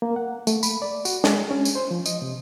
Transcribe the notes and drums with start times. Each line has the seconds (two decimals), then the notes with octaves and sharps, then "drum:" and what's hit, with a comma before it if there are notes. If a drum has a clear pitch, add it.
0.02 A#3
0.16 F#5
0.47 A3, drum: tambourine
0.63 B5, drum: tambourine
0.82 D5
1.05 F#4, drum: tambourine
1.24 G#3, drum: snare
1.51 C#4
1.65 drum: tambourine
1.75 C5
1.91 F3
2.06 D#5, drum: tambourine
2.22 C3